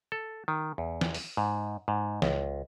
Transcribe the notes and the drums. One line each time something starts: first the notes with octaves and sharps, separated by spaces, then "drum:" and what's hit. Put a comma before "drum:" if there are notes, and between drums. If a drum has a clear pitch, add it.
A4
D#3
E2
drum: snare
drum: open hi-hat
G#2
G#2
C#2, drum: snare